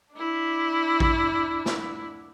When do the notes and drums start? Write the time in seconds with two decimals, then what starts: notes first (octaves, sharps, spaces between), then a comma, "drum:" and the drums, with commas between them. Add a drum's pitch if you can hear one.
0.13 D4 E4
1.00 drum: kick A1
1.66 drum: snare